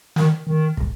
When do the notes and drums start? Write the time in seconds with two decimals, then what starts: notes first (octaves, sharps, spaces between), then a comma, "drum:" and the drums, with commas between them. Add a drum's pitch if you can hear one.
0.16 D#3, drum: snare
0.47 D#3
0.77 drum: kick